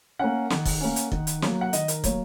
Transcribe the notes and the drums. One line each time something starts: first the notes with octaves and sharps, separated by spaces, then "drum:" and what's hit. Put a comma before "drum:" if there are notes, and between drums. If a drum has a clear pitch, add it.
A#3 C#4 F#5
D#3, drum: snare
drum: kick, open hi-hat
A#3 C#4
drum: hi-hat
D#3, drum: kick
drum: hi-hat
F#3 A#3, drum: snare
F#5
D#3 D#5, drum: hi-hat
A#4, drum: hi-hat
F#3 A#3 C#5, drum: kick, hi-hat